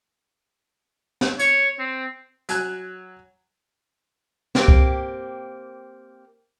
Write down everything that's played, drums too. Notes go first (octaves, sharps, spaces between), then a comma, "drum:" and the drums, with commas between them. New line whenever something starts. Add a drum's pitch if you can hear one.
drum: snare
C#5, drum: hi-hat
C4
F#3 G#5 F#6, drum: hi-hat
A#3 C4 D4 G4, drum: snare
drum: kick C2